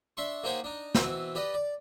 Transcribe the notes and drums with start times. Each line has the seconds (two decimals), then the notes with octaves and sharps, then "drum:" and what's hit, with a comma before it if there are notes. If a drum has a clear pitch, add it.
0.17 D4 E5 C6 C#6
0.43 A#3 D#4 G4 C5 C#5 F#5
0.64 D4 D#4
0.95 B2 E3 C4 E4 B4, drum: snare
1.35 G4 B4 D5 D#5
1.54 D5